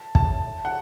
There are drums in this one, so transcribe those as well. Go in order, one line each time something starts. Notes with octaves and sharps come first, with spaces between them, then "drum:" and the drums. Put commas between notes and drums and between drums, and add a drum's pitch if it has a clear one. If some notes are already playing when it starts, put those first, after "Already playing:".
Already playing: A5
A5, drum: kick
F#5